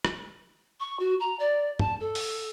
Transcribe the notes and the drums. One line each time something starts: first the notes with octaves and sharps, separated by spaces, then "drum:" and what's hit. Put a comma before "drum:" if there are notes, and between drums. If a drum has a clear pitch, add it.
drum: rim click
C#6
F#4
A#5
D5
A5, drum: tom
A4
drum: open hi-hat